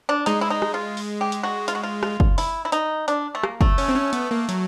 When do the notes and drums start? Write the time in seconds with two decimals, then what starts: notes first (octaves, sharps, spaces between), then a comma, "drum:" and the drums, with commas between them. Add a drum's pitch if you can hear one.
0.09 D4
0.26 G#3 D#4, drum: hi-hat
0.41 E4
0.50 D#4
0.62 drum: rim click
0.74 F4
0.97 drum: open hi-hat
1.21 G4
1.32 drum: hi-hat
1.43 F#4
1.68 F4, drum: hi-hat
1.75 F#4
1.83 F4
2.03 F4, drum: rim click
2.20 drum: kick
2.38 E4, drum: open hi-hat
2.65 E4
2.72 D#4, drum: hi-hat
3.08 D4, drum: hi-hat
3.35 A3
3.43 A#3, drum: rim click
3.61 A3, drum: kick
3.78 C#4, drum: open hi-hat
3.88 C4
3.95 C#4
4.13 B3, drum: hi-hat
4.31 A#3
4.49 F#3, drum: hi-hat